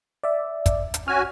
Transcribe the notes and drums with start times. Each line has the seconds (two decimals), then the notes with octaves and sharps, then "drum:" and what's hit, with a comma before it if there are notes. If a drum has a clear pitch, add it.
0.23 D5 E5
0.66 drum: kick, hi-hat
0.94 drum: hi-hat
1.08 C#4 F#4 G#5 F6